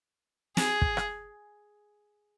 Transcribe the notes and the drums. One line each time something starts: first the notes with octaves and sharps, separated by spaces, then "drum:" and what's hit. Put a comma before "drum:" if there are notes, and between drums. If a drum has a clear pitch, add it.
G#4, drum: snare
drum: kick
drum: rim click